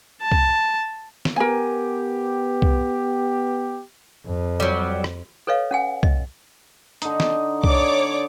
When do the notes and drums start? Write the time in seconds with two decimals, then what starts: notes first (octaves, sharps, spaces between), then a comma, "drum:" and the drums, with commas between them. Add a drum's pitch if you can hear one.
0.22 A5
0.32 drum: kick
1.25 drum: snare
1.36 B3 G4 A#4 G#5
2.62 drum: kick
4.26 F2
4.60 F#3 G3
5.04 drum: rim click
5.47 A4 B4 C#5 D#5 F5
5.71 C#4 F#5 G#5
6.03 D#5, drum: kick
7.02 D3 D#4, drum: hi-hat
7.20 drum: snare
7.64 C#5 D5 D6, drum: kick